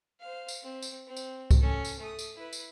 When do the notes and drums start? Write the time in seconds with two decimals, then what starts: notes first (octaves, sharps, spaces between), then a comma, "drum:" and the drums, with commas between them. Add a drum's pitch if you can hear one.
0.20 C5 F5
0.48 drum: tambourine
0.63 C4
0.82 drum: tambourine
1.07 C4
1.17 drum: tambourine
1.51 drum: kick C#2, tambourine
1.60 C#4 A4
1.85 drum: tambourine
1.99 A3 D#6
2.19 drum: tambourine
2.36 E4 B4
2.53 drum: tambourine